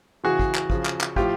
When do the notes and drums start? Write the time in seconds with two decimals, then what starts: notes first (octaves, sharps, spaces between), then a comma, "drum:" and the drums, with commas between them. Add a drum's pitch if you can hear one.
0.24 C#3 E3 F#4 G#4
0.39 drum: kick
0.55 drum: clap
0.70 C#3 F3, drum: kick
0.86 drum: clap
1.01 drum: clap
1.16 A2 F3 F4 G4, drum: kick